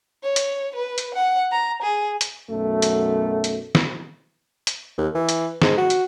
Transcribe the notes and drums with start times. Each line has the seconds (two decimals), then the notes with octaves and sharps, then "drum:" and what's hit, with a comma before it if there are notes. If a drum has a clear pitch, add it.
0.23 C#5
0.36 drum: hi-hat
0.75 B4
0.98 drum: hi-hat
1.14 F#5
1.52 A#5
1.82 G#4
2.21 drum: hi-hat
2.50 B1 F#2 A3
2.82 drum: hi-hat
3.44 drum: hi-hat
3.75 drum: snare
4.67 drum: hi-hat
4.98 D#2
5.15 E3
5.29 drum: hi-hat
5.62 G#2, drum: snare
5.78 F#4
5.90 drum: hi-hat